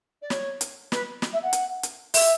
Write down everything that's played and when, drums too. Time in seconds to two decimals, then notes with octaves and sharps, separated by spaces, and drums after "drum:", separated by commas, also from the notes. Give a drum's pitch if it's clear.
0.22 D5
0.30 C#5, drum: snare
0.61 drum: hi-hat
0.92 B4, drum: snare
1.22 drum: snare
1.33 E5
1.42 F#5
1.53 drum: hi-hat
1.83 drum: hi-hat
2.14 E5, drum: open hi-hat